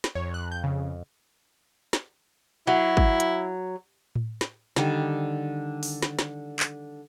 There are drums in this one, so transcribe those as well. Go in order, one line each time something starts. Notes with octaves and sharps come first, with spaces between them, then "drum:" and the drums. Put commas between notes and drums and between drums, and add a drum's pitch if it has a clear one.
drum: snare
F2 C#5
F#6
G6
C#3
drum: snare
F#3 E4
drum: kick
drum: hi-hat
drum: tom A2
drum: snare
D3 D#3 G3, drum: snare
drum: open hi-hat
drum: snare
drum: snare
drum: clap